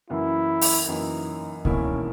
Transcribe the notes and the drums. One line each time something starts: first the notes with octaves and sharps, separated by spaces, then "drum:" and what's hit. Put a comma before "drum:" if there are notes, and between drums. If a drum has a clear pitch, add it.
F#2 E3 A#3 E4
drum: open hi-hat
F#2 E3 A#3 D#4
E1 E2 D#3 A#3 C#4 E4, drum: kick C#2